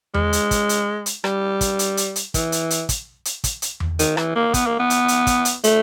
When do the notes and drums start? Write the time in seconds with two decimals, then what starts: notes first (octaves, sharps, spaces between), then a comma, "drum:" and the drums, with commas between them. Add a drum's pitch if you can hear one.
0.14 G#3, drum: tom E2
0.33 drum: hi-hat
0.51 drum: kick, hi-hat
0.69 drum: hi-hat
1.06 drum: hi-hat
1.24 G3, drum: rim click
1.61 drum: kick, hi-hat
1.79 drum: hi-hat
1.97 drum: hi-hat
2.16 drum: hi-hat
2.34 E3, drum: kick, hi-hat
2.52 drum: hi-hat
2.70 drum: hi-hat
2.89 drum: kick, hi-hat
3.25 drum: hi-hat
3.44 drum: kick, hi-hat
3.62 drum: hi-hat
3.80 drum: tom E2
3.99 D#3, drum: hi-hat
4.17 E3, drum: rim click
4.35 A#3
4.54 B3, drum: kick, hi-hat
4.66 A#3
4.79 B3
4.90 drum: hi-hat
5.08 drum: hi-hat
5.27 drum: kick, hi-hat
5.45 drum: hi-hat
5.64 A3, drum: hi-hat